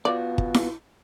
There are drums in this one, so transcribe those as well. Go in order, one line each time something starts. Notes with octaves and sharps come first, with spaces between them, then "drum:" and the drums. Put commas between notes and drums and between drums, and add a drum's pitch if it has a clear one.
B3 F4 F#4 D5
drum: kick
drum: snare E4